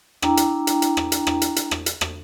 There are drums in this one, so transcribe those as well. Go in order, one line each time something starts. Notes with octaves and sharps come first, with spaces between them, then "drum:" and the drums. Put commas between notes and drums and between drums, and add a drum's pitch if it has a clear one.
D4 E4 G5 A#5, drum: rim click
drum: hi-hat
drum: hi-hat
drum: hi-hat
drum: rim click
drum: hi-hat
drum: rim click
drum: hi-hat
drum: hi-hat
drum: rim click
drum: hi-hat
drum: rim click